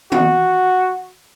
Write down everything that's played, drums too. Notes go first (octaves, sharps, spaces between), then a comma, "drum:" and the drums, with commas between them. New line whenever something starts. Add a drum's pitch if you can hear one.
F#4, drum: tom